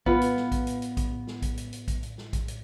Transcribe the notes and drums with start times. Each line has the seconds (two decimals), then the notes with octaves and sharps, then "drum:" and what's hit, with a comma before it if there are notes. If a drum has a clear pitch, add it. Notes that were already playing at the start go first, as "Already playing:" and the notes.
0.06 B3 F4 B4, drum: kick A#1
0.21 drum: hi-hat
0.37 drum: snare
0.52 drum: kick A#1, hi-hat
0.67 drum: hi-hat
0.82 drum: hi-hat
0.97 drum: kick A#1, hi-hat
1.27 drum: snare
1.42 drum: kick A#1, hi-hat
1.57 drum: hi-hat
1.73 drum: hi-hat
1.88 drum: kick A#1, hi-hat
2.03 drum: hi-hat
2.18 drum: snare
2.33 drum: kick A#1, hi-hat
2.48 drum: hi-hat